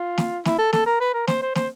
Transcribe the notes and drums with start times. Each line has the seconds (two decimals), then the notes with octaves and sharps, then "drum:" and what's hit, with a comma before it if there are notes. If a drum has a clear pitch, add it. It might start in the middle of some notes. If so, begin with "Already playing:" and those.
Already playing: F4
0.18 drum: snare
0.45 E4, drum: snare
0.58 A4
0.73 A4, drum: snare
0.86 A#4
1.00 B4
1.14 A#4
1.27 C5, drum: snare
1.42 C5
1.55 C5, drum: snare